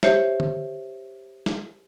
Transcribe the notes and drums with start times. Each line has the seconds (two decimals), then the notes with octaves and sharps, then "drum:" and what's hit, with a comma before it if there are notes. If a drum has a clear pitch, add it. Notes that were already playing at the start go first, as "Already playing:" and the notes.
0.03 G4 C5 C#5 E5, drum: snare
0.40 drum: tom
1.46 drum: snare